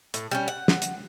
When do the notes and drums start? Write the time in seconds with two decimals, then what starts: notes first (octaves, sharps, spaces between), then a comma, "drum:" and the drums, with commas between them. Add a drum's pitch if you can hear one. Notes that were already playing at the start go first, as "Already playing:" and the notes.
0.14 A2, drum: hi-hat
0.31 G3 B3 C#4
0.48 F#5
0.68 drum: snare
0.82 drum: hi-hat